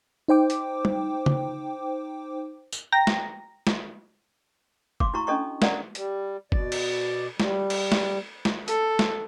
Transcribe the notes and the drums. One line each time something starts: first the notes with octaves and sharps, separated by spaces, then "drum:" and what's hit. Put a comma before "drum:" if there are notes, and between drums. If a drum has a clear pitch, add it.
D#4 C5 G5 D6
drum: hi-hat
drum: tom G3
drum: tom C#3
drum: tambourine
G5 A#5 A#6
drum: snare
drum: snare
F5 C6 D6, drum: kick
E4 F#4 A#5 C#6
C#4 D4 A4 D#5 A#5 C#6
A#4 D5 D#5 F5 F#5 A#5, drum: snare
G3, drum: hi-hat
B2 D5, drum: kick
drum: cymbal
G3, drum: snare
drum: cymbal
drum: snare
drum: snare
A4, drum: hi-hat
drum: snare